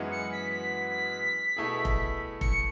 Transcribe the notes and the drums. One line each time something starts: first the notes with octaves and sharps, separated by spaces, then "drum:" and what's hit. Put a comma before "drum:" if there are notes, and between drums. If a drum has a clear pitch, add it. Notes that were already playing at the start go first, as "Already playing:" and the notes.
Already playing: F#2 E3 G#3 B3 F#4
C#7
B6
B6
B2 A3 E4 G#4
drum: kick F1
C#7, drum: kick F1